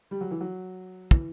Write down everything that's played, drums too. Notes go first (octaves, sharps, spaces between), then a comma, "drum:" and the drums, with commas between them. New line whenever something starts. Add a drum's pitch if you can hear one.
G3
F#3
E3
F#3
E3, drum: kick